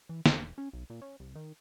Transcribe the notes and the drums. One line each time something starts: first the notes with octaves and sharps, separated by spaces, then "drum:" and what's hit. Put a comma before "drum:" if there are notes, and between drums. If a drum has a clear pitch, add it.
E3
E1, drum: snare
C#4
B1
A#2
C#4
C2
D#3